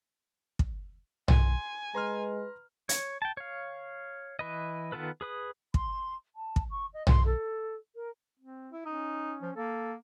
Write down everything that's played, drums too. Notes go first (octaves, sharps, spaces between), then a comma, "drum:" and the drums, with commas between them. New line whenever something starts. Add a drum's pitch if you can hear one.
drum: kick
G#5 C6, drum: tom
G#3 B4 A#5 C6 F6
C#5, drum: hi-hat
G5 A5
C#5 F5
E3 B4 D#5
D#3 B3 F4 A4 B4
G#4 B4 D#6
C6, drum: kick
A5
drum: kick
C#6
D#5
C6, drum: tom
A4
A#4
C4
E4
C#4 D#4
F3
A#3 A4